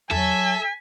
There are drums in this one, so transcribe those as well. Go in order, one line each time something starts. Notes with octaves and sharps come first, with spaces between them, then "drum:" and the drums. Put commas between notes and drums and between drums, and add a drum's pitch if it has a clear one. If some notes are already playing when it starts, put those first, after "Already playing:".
F#3 A4 E5 G#5, drum: tom E2